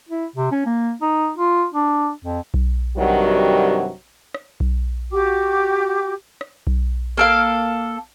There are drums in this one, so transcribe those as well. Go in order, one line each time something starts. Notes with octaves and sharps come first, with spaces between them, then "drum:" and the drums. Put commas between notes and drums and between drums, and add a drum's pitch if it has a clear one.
E4
C3
C#4
A#3
D#4
F4
D4
F2
drum: kick B1
G2 C3 D#3 F#3 G3 F#4
drum: rim click
drum: kick B1
F#4 G4 G5 D6
drum: rim click
drum: kick B1
A#3 A4 F5